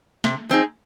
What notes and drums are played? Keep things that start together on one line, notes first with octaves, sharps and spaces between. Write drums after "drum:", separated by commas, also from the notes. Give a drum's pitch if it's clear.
C3, drum: snare
F3 C4 D#4 G#4